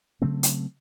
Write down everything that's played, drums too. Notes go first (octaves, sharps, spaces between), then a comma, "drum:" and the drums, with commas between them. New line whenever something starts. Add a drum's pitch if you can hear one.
C#3 F#3 A3 C4
drum: hi-hat